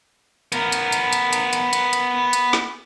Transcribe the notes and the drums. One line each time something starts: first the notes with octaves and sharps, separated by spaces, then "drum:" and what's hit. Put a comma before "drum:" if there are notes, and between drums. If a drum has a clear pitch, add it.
B3 A#4, drum: hi-hat
drum: hi-hat
drum: hi-hat
drum: hi-hat
drum: hi-hat
drum: hi-hat
drum: hi-hat
drum: hi-hat
drum: hi-hat
drum: snare